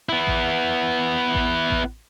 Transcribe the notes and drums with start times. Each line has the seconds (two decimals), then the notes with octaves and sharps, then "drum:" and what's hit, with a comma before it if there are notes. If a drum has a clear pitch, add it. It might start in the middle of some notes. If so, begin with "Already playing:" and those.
0.09 B3 E4
0.27 drum: kick A1
1.35 drum: kick A1
1.70 drum: kick A1